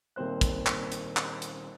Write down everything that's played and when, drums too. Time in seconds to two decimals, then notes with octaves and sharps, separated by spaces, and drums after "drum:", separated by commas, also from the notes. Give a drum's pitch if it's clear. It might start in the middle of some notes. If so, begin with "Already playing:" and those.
0.16 D#1 A#3 C4 C5 F#6
0.41 drum: kick, hi-hat
0.67 drum: clap
0.92 drum: hi-hat
1.17 drum: clap
1.42 drum: hi-hat